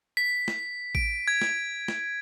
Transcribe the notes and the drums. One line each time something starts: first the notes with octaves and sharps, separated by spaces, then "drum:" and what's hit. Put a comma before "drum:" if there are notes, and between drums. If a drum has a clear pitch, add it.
B6
drum: snare
D7, drum: kick A1
G#6
drum: snare
drum: snare